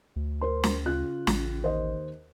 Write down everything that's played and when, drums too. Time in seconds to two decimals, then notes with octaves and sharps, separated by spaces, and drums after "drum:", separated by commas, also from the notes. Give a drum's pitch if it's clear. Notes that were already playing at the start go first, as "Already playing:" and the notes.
0.16 D2
0.41 A#4 C5 C6
0.64 drum: snare
0.85 C#3 F4 F#6
1.27 A1, drum: snare
1.62 D#2 C5 D#5